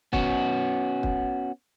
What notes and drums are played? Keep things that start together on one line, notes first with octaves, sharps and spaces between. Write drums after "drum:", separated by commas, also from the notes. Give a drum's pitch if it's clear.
B3 C#4 F#4, drum: kick
drum: kick